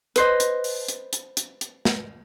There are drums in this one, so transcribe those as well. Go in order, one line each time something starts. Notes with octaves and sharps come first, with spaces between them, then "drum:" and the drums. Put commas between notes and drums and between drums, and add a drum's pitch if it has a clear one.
B4 C5 D#5, drum: hi-hat
drum: hi-hat
drum: open hi-hat
drum: hi-hat
drum: hi-hat
drum: hi-hat
drum: hi-hat
drum: snare